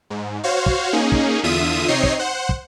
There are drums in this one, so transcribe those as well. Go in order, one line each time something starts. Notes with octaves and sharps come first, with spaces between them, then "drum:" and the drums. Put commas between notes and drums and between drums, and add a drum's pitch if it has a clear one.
G#2
F#4 C5 C#5 F5
drum: kick
A#3 C#4 D#4 G#4
drum: kick
E2 D3 F4 E5 D#6 D#7
C3 C4 D#4 C#5 D#5 C7
drum: kick
C5 F#5
drum: kick